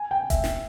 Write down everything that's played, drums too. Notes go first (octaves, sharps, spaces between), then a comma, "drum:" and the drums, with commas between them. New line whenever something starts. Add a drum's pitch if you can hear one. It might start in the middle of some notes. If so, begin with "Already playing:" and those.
Already playing: G#5
G5
E5, drum: kick E1, hi-hat
drum: snare